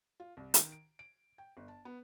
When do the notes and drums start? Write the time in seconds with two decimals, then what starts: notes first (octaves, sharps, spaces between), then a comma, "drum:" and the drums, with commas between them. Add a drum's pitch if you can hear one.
0.20 F4
0.37 C2
0.54 D#3, drum: hi-hat
0.72 D7
0.99 D7
1.38 G5
1.57 G1
1.68 A5
1.85 B3